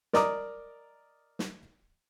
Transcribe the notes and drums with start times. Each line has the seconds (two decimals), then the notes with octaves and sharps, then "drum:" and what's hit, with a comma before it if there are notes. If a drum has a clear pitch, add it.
0.13 A#4 D5 D#5 A#5 D6 D#6, drum: snare
1.39 drum: snare